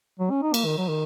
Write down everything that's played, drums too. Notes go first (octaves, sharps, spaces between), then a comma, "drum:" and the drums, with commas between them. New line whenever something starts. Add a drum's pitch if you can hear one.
F#3
C#4
D#4
A#3, drum: cymbal
D#3
F#3
D#3